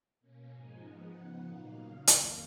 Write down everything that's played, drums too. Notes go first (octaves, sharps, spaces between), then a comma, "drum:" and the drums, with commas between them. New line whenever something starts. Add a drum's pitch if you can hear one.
B2 A#3 C#4
G#2 F3 G#3 D#4 G#5
G#2 F3 B3 D#4 F#5
C#3 F3 B3
A#2 F#3 A#3 D#4 F5
D#2 C#3 F#3
F2 D#3 A#3, drum: hi-hat